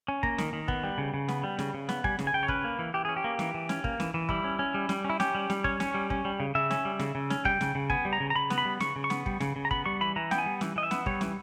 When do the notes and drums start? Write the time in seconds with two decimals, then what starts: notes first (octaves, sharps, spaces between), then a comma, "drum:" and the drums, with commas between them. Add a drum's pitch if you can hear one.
0.08 C#4
0.23 A#3 A#5, drum: kick
0.38 D#3, drum: snare
0.53 D#3
0.68 B3, drum: kick
0.84 G3
0.98 C#3
1.14 C#3
1.28 B3, drum: snare
1.44 G3
1.59 C#3, drum: snare
1.74 C#3
1.89 B3, drum: snare
2.04 G3 G#5, drum: kick
2.19 C#3, drum: snare
2.27 G#5
2.33 C#3 G5
2.43 C#5
2.48 C#4 B4, drum: kick
2.65 A#3
2.79 E3
2.94 E3 G4
3.05 C#4 G#4
3.17 G4
3.24 A#3
3.39 E3, drum: snare
3.54 E3
3.69 C#4, drum: snare
3.84 A#3, drum: kick
4.00 E3, drum: snare
4.14 E3
4.29 G3 E4, drum: kick
4.44 C#4
4.59 C#4
4.74 G3
4.89 G3, drum: snare
5.05 C#4
5.10 E4
5.20 C#4 G4, drum: snare
5.35 G3
5.50 G3, drum: snare
5.64 C#4 C#5, drum: kick
5.80 C#4, drum: snare
5.94 G3
6.10 C#4, drum: kick
6.25 G3
6.40 C#3
6.55 C#3 E5
6.71 C#4, drum: snare
6.85 G3
6.99 C#3, drum: snare
7.15 C#3
7.30 C#4, drum: snare
7.45 G3 G5, drum: kick
7.61 C#3, drum: snare
7.75 C#3
7.90 B3 G#5, drum: kick
8.05 G3
8.13 A#5
8.20 C#3
8.30 A#5
8.35 C#3 B5
8.50 B3, drum: snare
8.58 B5
8.65 G3
8.80 C#3 C#6, drum: snare
8.96 C#3
9.04 C#6
9.10 B3, drum: snare
9.26 G3, drum: kick
9.40 C#3, drum: snare
9.56 C#3
9.65 A#5
9.71 B3 B5, drum: kick
9.86 G3 C#6
10.01 E3 B5
10.16 E3 A#5
10.31 B3 G5, drum: snare
10.38 G#5
10.46 G3
10.61 E3, drum: snare
10.76 E3 D#5
10.83 E5
10.91 B3, drum: snare
11.06 G3 C#5, drum: kick
11.21 E3, drum: snare